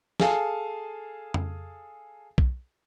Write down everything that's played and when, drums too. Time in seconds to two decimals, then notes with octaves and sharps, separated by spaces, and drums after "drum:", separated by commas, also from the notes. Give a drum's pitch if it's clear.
0.20 G#4 A4 F5 G#5 A5, drum: snare
1.34 drum: tom F2
2.38 drum: kick B1